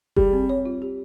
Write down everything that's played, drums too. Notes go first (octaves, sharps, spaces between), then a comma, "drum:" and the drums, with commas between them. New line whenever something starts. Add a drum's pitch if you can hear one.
G3 G#4, drum: kick F#1
C4
C#5
F4
G4